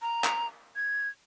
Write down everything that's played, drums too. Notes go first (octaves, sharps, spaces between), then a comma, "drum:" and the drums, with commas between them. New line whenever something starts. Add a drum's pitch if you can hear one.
A#5
drum: clap
G#6